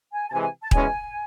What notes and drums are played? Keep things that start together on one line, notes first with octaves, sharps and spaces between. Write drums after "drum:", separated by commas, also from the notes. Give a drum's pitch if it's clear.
G#5
A5
C3 E3 G#3 G#5
G#5
A5
E2 B2 G#3 C#4 E4 G#5, drum: kick D#1